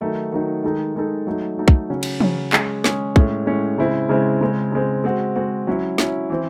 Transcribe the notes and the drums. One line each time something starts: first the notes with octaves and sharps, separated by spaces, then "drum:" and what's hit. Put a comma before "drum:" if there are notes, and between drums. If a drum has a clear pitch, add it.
D#3 F#3 A3 D#4
D#3 F#3 A3 D#4
D#3 G#3 D#4 A4
D#3 G#3 D#4 A4
F#3 A3 D#4
F#3 A3 D#4
drum: kick
C#3 F#3 C#4
drum: cymbal
C#3 F#3 C#4, drum: tom
G#3 C#4 G#4, drum: clap
G#3 C#4 G#4, drum: snare
A2 G#3 C#4, drum: kick
A2 G#3 C#4
C#3 G#3 C4 E4
C#3 G#3 C4 E4
C#3 G#3 C4
C#3 G#3 C4
G#3 C4 F#4
G#3 C4 F#4
F#3 C#4 E4
F#3 C#4 E4, drum: snare
E3 C4